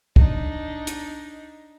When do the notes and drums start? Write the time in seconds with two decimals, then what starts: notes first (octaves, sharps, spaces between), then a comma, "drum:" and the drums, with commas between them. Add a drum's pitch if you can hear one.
0.16 D4 D#4, drum: kick
0.87 drum: hi-hat